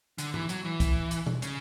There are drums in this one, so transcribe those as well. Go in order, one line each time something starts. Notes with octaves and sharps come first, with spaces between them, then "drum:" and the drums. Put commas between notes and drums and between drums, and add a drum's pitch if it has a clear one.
D3, drum: hi-hat
E3, drum: tom G#2
F#3, drum: hi-hat
E3
drum: kick C2, hi-hat
drum: hi-hat
drum: tom B2
C#3, drum: hi-hat